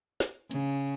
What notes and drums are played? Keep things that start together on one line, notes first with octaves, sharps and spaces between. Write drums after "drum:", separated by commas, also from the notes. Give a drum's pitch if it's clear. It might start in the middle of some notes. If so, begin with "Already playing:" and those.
drum: snare
C#3, drum: hi-hat